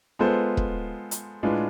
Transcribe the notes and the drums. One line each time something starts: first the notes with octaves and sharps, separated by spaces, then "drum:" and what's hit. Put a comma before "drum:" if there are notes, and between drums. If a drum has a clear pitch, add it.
G#3 B3 F4 A4 C5
drum: kick
drum: hi-hat
A2 G#3 D4 F4 B4